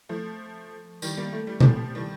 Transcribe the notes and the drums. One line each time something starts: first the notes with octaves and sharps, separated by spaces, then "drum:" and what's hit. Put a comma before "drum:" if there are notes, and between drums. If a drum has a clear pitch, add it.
F3 A3
D#3 G3, drum: tambourine
G3 A#3
A3
G3
F3 A3, drum: tom B2
D#3 G3